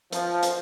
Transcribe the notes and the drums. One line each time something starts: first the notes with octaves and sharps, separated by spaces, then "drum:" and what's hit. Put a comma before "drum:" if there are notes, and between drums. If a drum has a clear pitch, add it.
F3, drum: hi-hat
drum: hi-hat